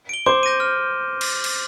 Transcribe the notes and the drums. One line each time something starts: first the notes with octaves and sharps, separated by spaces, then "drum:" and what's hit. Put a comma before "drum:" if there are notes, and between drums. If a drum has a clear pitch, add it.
D7 G7
C5 D6
G6 A#6 D#7
F6
drum: cymbal
drum: cymbal